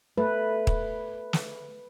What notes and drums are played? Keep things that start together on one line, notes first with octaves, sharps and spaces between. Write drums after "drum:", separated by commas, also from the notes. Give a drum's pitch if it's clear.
A3 B4
drum: kick
drum: snare